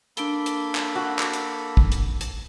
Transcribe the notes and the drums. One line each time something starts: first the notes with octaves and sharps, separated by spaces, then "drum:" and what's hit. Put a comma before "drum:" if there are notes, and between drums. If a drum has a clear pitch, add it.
A#3 D4 A4 B5 D7 G7, drum: hi-hat
drum: hi-hat
drum: clap
F#4
drum: clap
drum: hi-hat
drum: kick
drum: hi-hat
drum: hi-hat